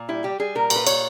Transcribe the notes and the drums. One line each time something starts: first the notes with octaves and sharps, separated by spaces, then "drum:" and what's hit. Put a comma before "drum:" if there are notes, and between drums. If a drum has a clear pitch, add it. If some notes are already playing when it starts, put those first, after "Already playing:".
Already playing: A#2
G3 E4
G3 G4
G3 G#4
A#2 A#4
A#2, drum: cymbal
B4
G3 C#5, drum: cymbal